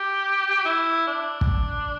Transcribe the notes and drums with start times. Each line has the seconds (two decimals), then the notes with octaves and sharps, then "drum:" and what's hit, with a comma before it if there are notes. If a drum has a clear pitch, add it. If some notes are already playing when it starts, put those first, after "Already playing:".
Already playing: G4
0.65 E4
1.07 D4
1.41 drum: kick